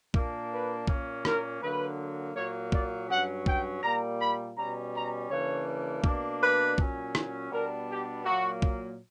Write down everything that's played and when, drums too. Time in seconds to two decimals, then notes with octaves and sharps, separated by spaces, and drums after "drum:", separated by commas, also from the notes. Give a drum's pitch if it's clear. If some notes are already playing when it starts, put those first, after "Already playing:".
0.14 A#2 A#3 D4, drum: kick B1
0.51 B4
0.87 A#2 A#3 C#4, drum: kick B1
1.25 A#4, drum: rim click
1.62 D3 F#3 A#3 B4
2.36 A#2 F#3 A#3 C#5
2.72 D5, drum: kick B1
3.09 G2 F#3 C#4 F#5
3.46 G5, drum: kick B1
3.82 A#2 G3 A#3 A#5
4.20 B5
4.57 B2 G3 C#4 A#5
4.94 A#5
5.30 C#3 E3 A#3 D4 C#5
6.04 B2 A#3 D4, drum: kick B1
6.41 B4
6.78 A#2 F#3 C#4, drum: kick B1
7.15 drum: rim click
7.51 B2 G3 B3 D4 A#4
7.89 G4
8.25 A#2 F#3 A#3 F#4
8.62 drum: kick B1